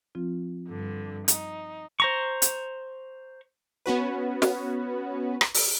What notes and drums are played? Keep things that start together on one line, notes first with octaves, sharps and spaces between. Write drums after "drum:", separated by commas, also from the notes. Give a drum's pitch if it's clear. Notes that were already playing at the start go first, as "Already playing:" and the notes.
F3 C4 F4
G2 D3
D#4, drum: hi-hat
C5 A#5 C#6
drum: hi-hat
B3 C#4 F#4 B4
drum: snare
drum: rim click
drum: open hi-hat